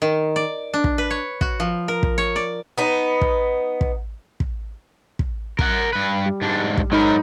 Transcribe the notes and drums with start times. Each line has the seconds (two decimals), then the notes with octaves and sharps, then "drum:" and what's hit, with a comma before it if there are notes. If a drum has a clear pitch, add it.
0.02 D#3
0.36 D5
0.74 D4
0.84 drum: kick
0.98 B4
1.11 C#5
1.41 F#4, drum: kick
1.60 F3
1.88 A#4
2.03 drum: kick
2.18 C#5
2.36 D5
2.78 B3 D#4
3.21 drum: kick
3.81 drum: kick
4.40 drum: kick
5.19 drum: kick
5.59 A#4 F#5, drum: kick
5.93 G2 B4
6.26 G3
6.42 G#2 D4
6.77 drum: kick
6.92 G#2 F#3 D#4 A#4 B5